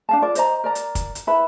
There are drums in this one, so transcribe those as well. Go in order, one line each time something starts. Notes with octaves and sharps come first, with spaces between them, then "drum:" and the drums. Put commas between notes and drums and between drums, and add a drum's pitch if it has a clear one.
D4 F5 A5
F4 A#4 D5
C5 D#5 A#5, drum: hi-hat
A#4 D5 A#5
drum: hi-hat
drum: kick, hi-hat
drum: hi-hat
E4 B4 E5 B5